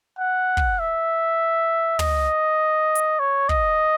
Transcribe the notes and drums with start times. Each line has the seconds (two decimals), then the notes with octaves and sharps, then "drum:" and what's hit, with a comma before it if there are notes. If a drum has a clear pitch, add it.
0.19 F#5
0.57 drum: kick
0.79 E5
1.99 D#5, drum: tom
2.95 drum: hi-hat
3.20 C#5
3.49 D#5, drum: kick